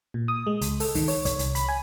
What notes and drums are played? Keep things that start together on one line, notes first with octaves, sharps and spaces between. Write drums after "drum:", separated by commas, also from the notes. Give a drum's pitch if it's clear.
A#2
D#6
G#3
C#2, drum: hi-hat
A4, drum: open hi-hat
D#3, drum: kick, open hi-hat
C#5, drum: open hi-hat
C#5, drum: kick, hi-hat
C2, drum: hi-hat
B5, drum: hi-hat
G#5